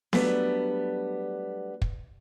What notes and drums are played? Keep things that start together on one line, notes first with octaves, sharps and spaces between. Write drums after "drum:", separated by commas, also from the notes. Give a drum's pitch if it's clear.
F#3 G3 A3 B3 D4, drum: snare B3
drum: kick